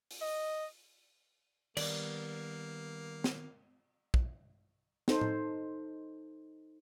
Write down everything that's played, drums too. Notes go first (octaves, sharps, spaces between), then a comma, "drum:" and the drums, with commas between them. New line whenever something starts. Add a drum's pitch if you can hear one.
drum: open hi-hat
D#5
D#3 G3 A#3 B3 D5, drum: cymbal
drum: snare
drum: kick
D#4 A4 C5, drum: snare
drum: tom A2